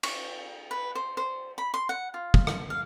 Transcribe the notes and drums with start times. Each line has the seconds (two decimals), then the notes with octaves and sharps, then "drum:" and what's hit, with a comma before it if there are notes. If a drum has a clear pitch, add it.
0.03 C#6, drum: cymbal
0.71 B4
0.95 C5
1.17 C5
1.58 B5
1.74 C6
1.89 F#5
2.14 F4
2.34 drum: kick
2.47 drum: rim click
2.70 F5